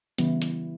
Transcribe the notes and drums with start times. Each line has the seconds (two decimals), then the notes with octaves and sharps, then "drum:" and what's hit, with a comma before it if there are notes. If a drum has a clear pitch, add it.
0.18 C#3 E3 G3 B3 E4, drum: hi-hat
0.42 drum: hi-hat